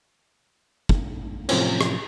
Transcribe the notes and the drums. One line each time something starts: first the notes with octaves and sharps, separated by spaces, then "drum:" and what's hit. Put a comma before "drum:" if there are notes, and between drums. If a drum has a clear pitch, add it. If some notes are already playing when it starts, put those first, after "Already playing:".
drum: kick
A2 C3 F3 F#3 C4 C#4, drum: cymbal
drum: rim click